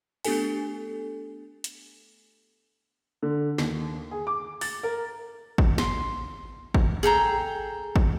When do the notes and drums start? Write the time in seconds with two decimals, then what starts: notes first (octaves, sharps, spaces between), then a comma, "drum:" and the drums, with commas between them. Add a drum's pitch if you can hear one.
0.25 A3 B3 D4 G4 A4 G#5, drum: open hi-hat
1.64 drum: hi-hat
3.23 D3
3.58 D#2, drum: snare
4.11 G#4
4.27 D6
4.61 A6, drum: open hi-hat
4.83 A#4
5.58 drum: kick
5.78 C6, drum: snare
6.74 drum: kick
7.03 G#4 A4 G5 A#5
7.96 drum: kick